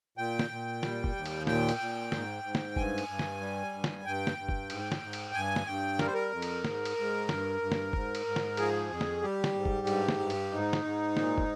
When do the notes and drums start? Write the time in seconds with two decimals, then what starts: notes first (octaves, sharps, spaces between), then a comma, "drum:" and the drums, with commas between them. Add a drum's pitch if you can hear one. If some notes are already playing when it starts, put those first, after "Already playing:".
0.18 A#2 G5
0.39 drum: snare
0.51 A#2
0.83 G3, drum: snare
1.04 drum: kick
1.15 D#2
1.26 drum: cymbal
1.47 A#2 G5, drum: snare
1.69 drum: cymbal
1.80 A#2
2.12 G#2, drum: snare
2.43 G#2
2.55 drum: snare
2.76 G2 G#5, drum: kick
2.98 drum: cymbal
3.08 G2
3.19 drum: snare
3.41 G3
3.74 G2
3.84 drum: snare
4.05 G2 G5
4.27 drum: snare
4.38 G2
4.49 drum: kick
4.70 G#2, drum: cymbal
4.92 drum: snare
5.02 G#2
5.13 drum: cymbal
5.34 G2 G#5
5.56 drum: snare
5.67 G2 G5
5.99 G3 A#4, drum: snare
6.07 C5
6.14 A#4
6.31 F2
6.42 drum: cymbal
6.64 G#2, drum: snare
6.85 drum: cymbal
6.97 G#2
7.29 G2, drum: snare
7.61 G2
7.72 drum: snare
7.93 G#2, drum: kick
8.15 drum: cymbal
8.26 G#2
8.36 drum: snare
8.57 F3 G#4, drum: cymbal
8.90 F2
9.01 drum: snare
9.22 G3 G4
9.44 drum: snare
9.54 G#2
9.65 drum: kick
9.87 G2, drum: cymbal
10.08 drum: snare
10.19 G2
10.30 drum: cymbal
10.52 G#2 D#4
10.73 drum: snare
10.84 G#2
11.17 A#2, drum: snare
11.38 drum: kick